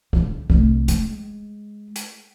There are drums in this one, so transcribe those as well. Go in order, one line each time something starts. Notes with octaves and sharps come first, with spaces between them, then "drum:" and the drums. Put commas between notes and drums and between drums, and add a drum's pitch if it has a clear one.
D3 G3, drum: kick
C2 A3, drum: kick
G#3, drum: hi-hat
drum: hi-hat